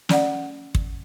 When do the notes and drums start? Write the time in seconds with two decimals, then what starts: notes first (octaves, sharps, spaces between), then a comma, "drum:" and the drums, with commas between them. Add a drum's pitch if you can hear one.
0.09 C#4 D5 F#5, drum: snare
0.75 drum: kick